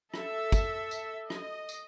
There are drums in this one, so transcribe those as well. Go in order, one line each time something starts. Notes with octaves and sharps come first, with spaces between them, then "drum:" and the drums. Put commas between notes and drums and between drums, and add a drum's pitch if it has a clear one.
A4 E5, drum: rim click
drum: kick, tambourine
drum: tambourine
D#5, drum: rim click
drum: tambourine